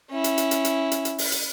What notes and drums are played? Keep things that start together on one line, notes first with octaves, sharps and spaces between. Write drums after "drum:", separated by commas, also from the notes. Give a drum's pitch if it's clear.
C#4 E4
drum: hi-hat
drum: hi-hat
drum: hi-hat
drum: hi-hat
drum: hi-hat
drum: hi-hat
drum: open hi-hat
drum: hi-hat